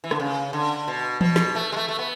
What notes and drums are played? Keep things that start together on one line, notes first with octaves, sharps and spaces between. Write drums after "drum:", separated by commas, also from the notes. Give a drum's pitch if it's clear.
E3
D3, drum: rim click
C#3
D3
B2
B2, drum: tom E3
drum: snare
A3
G#3
A3
A3
B3